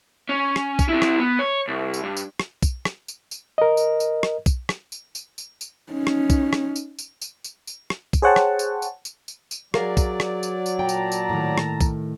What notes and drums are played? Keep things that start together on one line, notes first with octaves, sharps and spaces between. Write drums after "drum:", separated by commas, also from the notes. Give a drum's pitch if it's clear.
C#4
drum: rim click
drum: kick, tambourine
C4 E4
drum: rim click
B3
C#5
C2
drum: tambourine
G2
drum: tambourine
drum: rim click
drum: kick, tambourine
drum: rim click
drum: tambourine
drum: tambourine
A#4 D#5
drum: tambourine
drum: tambourine
drum: rim click
drum: kick, tambourine
drum: rim click
drum: tambourine
drum: tambourine
drum: tambourine
drum: tambourine
C#4 D#4
drum: rim click
drum: kick, tambourine
drum: rim click
drum: tambourine
drum: tambourine
drum: tambourine
drum: tambourine
drum: tambourine
drum: rim click
drum: kick, tambourine
G#4 C5 C#5 F#5 G5 A5
drum: rim click
drum: tambourine
drum: tambourine
drum: tambourine
drum: tambourine
drum: tambourine
F#3 G#4 A#4 D5 F5, drum: rim click
drum: kick, tambourine
drum: rim click
drum: tambourine
drum: tambourine
A#2 G5 A5 A#5
drum: tambourine
drum: tambourine
A2 D#3
drum: rim click
drum: kick, tambourine